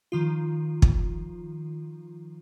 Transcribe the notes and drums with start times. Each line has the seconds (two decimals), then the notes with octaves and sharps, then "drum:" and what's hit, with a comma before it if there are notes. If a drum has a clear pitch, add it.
0.12 D#3 F3 F4
0.82 drum: kick